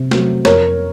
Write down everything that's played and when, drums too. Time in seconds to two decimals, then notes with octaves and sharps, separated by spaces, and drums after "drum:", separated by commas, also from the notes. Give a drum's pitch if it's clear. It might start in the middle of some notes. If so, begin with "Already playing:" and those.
Already playing: C3
0.11 F#3 A3 C4, drum: snare
0.45 F2 A#4 C#5, drum: snare